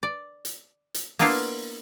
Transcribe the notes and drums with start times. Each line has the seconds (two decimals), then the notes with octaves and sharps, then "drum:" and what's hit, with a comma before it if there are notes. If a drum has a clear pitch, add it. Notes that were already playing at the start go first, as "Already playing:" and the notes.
0.03 D5
0.45 drum: hi-hat
0.94 drum: hi-hat
1.19 A#3 B3 D4 E4 F4 F5, drum: open hi-hat